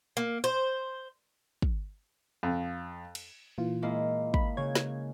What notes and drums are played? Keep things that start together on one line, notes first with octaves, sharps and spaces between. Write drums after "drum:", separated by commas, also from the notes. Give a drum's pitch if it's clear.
A#3
C5
drum: kick
F2
drum: cymbal
A#2 E3 F4
G#3 A#3 E4
B5, drum: kick
C#3 C#5 G#6
drum: snare